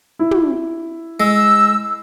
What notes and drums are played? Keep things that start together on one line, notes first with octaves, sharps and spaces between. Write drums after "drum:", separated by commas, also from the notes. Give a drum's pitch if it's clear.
E4
drum: tom
G#3 E6